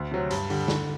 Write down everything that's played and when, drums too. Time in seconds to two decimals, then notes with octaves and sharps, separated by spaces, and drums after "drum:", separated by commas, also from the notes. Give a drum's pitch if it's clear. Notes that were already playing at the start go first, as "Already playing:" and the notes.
Already playing: D2
0.12 C3 F#3 C4
0.31 G2, drum: hi-hat
0.50 D3 G3, drum: open hi-hat
0.68 D3, drum: snare